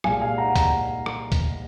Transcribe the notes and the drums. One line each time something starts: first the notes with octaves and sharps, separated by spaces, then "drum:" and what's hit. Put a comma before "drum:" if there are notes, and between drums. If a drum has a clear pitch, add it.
C2 A#2 G#3 F5 G#5, drum: rim click
F5 G#5
F#5 A#5
F#5 A#5, drum: kick, hi-hat
drum: rim click
drum: kick, hi-hat